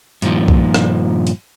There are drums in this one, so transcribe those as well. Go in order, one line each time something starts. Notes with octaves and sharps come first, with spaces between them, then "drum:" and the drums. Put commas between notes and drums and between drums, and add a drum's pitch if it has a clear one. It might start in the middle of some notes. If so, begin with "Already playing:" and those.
G2 A#2 D#3 F3, drum: hi-hat
drum: kick B1
drum: rim click
drum: hi-hat